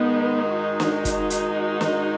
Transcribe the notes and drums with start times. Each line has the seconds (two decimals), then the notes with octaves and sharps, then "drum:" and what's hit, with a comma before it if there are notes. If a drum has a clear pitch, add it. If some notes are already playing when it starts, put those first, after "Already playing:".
Already playing: G#2 D#3 G#3 B3 D#4
0.55 D#4 F#4
0.80 drum: snare
1.05 drum: kick, hi-hat
1.30 drum: hi-hat
1.81 drum: snare